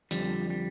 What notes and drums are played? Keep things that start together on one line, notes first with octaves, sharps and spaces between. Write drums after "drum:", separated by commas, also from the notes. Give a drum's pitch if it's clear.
F2 D3 F3 G3, drum: hi-hat
G3